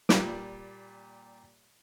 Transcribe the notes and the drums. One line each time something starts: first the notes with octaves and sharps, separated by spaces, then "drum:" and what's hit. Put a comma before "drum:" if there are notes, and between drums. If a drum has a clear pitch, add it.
A#2 G3 F4 B4 D6, drum: snare